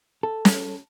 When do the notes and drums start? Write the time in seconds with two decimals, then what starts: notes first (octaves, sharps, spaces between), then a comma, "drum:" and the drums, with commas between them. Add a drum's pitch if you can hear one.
0.23 A4
0.45 drum: snare